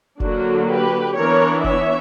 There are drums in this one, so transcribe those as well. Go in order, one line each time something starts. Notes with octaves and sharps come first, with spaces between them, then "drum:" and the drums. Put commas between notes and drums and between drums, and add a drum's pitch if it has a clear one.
D3 F#3 A#3 D4 F#4, drum: kick F1
G4 B4
E3 B3 D4 A#4 C#5
C#5 E5, drum: kick F1